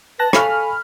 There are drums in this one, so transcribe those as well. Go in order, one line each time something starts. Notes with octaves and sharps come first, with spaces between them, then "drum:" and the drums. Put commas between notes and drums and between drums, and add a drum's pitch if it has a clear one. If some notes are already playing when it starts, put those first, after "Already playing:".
B4 A5 F#6 A#6
A4 F5 G#5 B5 C#6 F6, drum: rim click